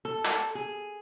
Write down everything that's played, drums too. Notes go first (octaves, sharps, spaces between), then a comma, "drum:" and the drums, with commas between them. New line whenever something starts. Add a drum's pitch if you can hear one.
A4
drum: clap
G#4